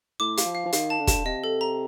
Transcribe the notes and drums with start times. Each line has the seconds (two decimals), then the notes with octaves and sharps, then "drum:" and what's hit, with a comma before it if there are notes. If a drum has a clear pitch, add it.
0.20 A2 D6
0.37 F5, drum: hi-hat
0.45 F3
0.55 F5
0.66 F3
0.72 D#3 F5, drum: hi-hat
0.90 A5
1.00 D3
1.07 A5, drum: kick, hi-hat
1.25 C3 D#5
1.44 A4
1.61 A#5